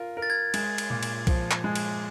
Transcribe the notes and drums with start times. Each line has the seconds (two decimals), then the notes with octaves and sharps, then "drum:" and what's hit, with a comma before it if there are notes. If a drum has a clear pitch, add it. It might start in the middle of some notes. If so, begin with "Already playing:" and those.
Already playing: F4 A#4
0.17 A#4
0.22 A6
0.30 G#6
0.54 G#3, drum: cymbal
0.78 drum: cymbal
0.90 A#2
1.03 drum: cymbal
1.27 F3, drum: kick, cymbal
1.51 drum: clap
1.64 G#3
1.76 drum: cymbal